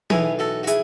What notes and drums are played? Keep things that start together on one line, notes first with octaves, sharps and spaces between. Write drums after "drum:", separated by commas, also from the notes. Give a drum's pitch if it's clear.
B1 A2 E3 E4 G#4, drum: tom
F#4 A4
F#4
E4 G#4, drum: hi-hat